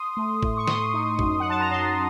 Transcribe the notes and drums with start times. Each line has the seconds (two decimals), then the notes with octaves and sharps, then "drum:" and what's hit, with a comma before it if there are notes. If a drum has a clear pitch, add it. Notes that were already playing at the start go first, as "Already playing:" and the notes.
Already playing: C6 D#6
0.17 A3
0.43 A2, drum: kick
0.57 C#6
0.68 A2 C6 D#6, drum: snare
0.94 D#4
1.19 F#2, drum: kick
1.40 F#2 F#5
1.50 A5
1.60 A#5
1.70 F#2 A5 C6